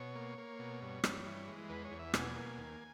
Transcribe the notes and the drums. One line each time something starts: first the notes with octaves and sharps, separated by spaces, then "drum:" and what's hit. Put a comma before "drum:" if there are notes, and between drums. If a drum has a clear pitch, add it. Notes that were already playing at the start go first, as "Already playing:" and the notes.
Already playing: B2 C#5
A#3
A#3
B2
G2
G2, drum: rim click
E3
G#3
E2 B4
C#5
E2
E5
B2 G#5, drum: rim click
A#3
D#2